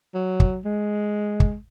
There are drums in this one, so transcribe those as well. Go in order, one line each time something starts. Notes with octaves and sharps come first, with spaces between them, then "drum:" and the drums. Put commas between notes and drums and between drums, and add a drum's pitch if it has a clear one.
F#3
drum: kick
G#3
drum: kick